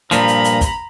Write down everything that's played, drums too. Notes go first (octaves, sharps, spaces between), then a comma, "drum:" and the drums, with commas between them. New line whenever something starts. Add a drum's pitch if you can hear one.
G2 A#2 F3 A#5 B5, drum: hi-hat
drum: hi-hat
drum: hi-hat
drum: kick, hi-hat